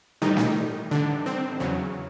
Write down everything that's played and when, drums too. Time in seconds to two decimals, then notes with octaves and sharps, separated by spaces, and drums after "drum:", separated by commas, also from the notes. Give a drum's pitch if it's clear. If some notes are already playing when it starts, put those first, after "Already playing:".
0.22 A2 D#3 E3 G3 D#4
0.37 drum: snare
0.91 D3 D4
1.26 C4
1.60 E2 C#3 F#3